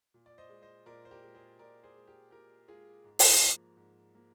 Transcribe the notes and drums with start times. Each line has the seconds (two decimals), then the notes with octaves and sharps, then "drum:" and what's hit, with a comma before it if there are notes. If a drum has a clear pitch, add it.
0.14 A#2
0.26 D5
0.38 C5 D#5
0.49 G#3
0.62 C5 D#5
0.86 A#2 A#4 D5
1.05 C5
1.11 G4 A#4
1.22 G#3
1.35 G#4 C5
1.59 A#2 A#4 D5
1.83 G#4 C5
1.96 G#3
2.07 G4 A#4
2.31 A#2 G4 A#4
2.68 G#3 F4 G#4
3.04 G#2
3.19 drum: open hi-hat
3.40 F3 A#3
3.77 G#2
4.14 F3 A#3